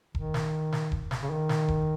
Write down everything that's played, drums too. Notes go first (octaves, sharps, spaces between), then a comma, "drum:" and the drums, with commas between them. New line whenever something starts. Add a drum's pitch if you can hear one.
D#3, drum: kick E1
drum: snare
drum: snare
drum: kick E1
drum: snare
C#3
D#3
drum: snare
drum: kick E1